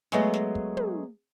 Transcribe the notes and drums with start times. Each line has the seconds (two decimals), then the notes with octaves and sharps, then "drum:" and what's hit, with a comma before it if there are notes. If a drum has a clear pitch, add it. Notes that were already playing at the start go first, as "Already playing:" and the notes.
0.12 F#3 G#3 A3 B3 G#4 D#5, drum: snare
0.34 drum: snare
0.55 drum: kick
0.77 drum: tom